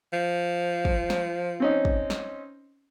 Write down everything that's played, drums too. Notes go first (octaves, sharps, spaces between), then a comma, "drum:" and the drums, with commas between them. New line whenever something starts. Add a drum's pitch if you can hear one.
F3
drum: kick
drum: snare
C4 C#4 D#4
drum: kick
drum: snare